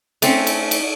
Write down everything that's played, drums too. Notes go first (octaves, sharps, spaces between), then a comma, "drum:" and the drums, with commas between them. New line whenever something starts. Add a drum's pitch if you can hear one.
A3 C4 C#4, drum: cymbal
drum: cymbal
drum: cymbal